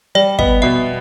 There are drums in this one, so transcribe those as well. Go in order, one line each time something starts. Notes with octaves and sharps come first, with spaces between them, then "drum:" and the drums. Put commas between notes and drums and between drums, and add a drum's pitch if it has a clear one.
G3 D5
B3 D#5, drum: kick
B2 E5